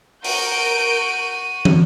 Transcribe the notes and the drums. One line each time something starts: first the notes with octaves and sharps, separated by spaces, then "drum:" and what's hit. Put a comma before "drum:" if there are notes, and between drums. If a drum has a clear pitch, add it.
F#4 A#4 G6 D7 D#7, drum: open hi-hat
drum: tom